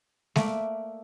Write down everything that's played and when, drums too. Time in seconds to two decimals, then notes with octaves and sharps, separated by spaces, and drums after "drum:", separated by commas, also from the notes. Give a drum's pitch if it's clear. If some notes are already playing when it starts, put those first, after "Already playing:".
0.36 A3 A#3 D5 E5, drum: snare G#3